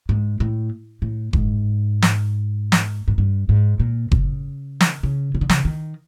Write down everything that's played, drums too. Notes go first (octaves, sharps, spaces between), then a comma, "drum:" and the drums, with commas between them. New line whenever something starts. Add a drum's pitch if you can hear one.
G#2
A2
A2
G#2, drum: kick F#1
drum: snare
drum: snare
G#2
G2
G#2
A#2
C#3, drum: kick F#1
drum: snare
C#3
C#3
D3
C#3, drum: snare
D#3